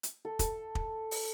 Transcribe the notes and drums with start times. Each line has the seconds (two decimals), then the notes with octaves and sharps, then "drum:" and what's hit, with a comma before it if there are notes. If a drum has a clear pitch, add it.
0.03 drum: hi-hat
0.25 A4
0.39 A4, drum: kick, hi-hat
0.75 drum: kick
1.11 drum: open hi-hat